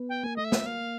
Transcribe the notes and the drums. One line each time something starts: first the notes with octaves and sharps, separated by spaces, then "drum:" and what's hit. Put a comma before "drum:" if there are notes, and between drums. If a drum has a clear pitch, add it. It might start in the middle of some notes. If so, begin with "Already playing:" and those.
Already playing: B3
G5
A#3 G#5
A3 D#5
E5
A#3, drum: snare
A#3 F5